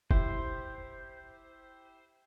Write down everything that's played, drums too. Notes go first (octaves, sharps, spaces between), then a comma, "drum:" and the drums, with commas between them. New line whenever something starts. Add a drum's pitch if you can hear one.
E4 G4 C5, drum: kick F#1